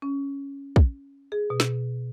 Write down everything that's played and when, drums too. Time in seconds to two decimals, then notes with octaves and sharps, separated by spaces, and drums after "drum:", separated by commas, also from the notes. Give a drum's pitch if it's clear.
0.02 C#4
0.76 drum: kick
1.32 G#4
1.50 B2
1.60 drum: snare